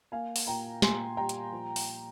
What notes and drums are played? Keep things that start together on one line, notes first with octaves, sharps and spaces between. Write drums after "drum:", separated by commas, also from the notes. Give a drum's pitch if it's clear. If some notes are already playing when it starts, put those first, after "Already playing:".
A#3 F5 G#5
drum: open hi-hat
A#2 G5 A#5
A#2 G#5 C6, drum: snare
G3 G5 A#5
drum: hi-hat
F3
drum: open hi-hat